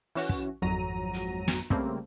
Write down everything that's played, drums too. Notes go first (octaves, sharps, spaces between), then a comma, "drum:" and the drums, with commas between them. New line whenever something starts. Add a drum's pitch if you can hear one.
E3 C#4 F#4, drum: open hi-hat
drum: kick
G#1 F2 F#3 A#5 D#7
drum: hi-hat
drum: snare
C#3 G3 A3 A#3 C4, drum: kick